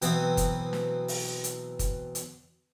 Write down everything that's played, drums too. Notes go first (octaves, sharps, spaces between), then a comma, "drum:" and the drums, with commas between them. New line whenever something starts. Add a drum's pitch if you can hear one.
B2 E3 F#3 B3 C4, drum: hi-hat
drum: kick, hi-hat
drum: snare
drum: open hi-hat
drum: hi-hat
drum: kick, hi-hat
drum: hi-hat